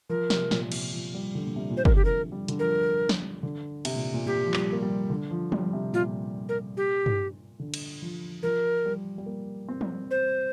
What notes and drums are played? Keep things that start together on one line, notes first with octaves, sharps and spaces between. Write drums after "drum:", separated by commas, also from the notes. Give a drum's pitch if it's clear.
F3 A#4
C3, drum: snare
A#2, drum: snare
C3, drum: cymbal
F3
G3
D3
A#2
C3
A#2
C3 C5
A#4, drum: kick
D3 G4
F3 A#4
G3
D3, drum: hi-hat
F3 A#4
drum: snare
D3
C3, drum: cymbal
A#2
A#2
A#2 G4
F3
G3, drum: clap
A#3
G3
D3
F3
G3, drum: tom F3
C3
A#2 F4
A#4
G4
drum: tom G2
D3
drum: cymbal
F3
F3 A#4
G3
G3
A#3
C4
drum: tom F3
C5